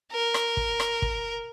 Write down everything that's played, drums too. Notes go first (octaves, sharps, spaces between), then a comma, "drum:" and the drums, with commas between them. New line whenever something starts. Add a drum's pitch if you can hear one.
A#4
drum: rim click
drum: kick
drum: rim click
drum: kick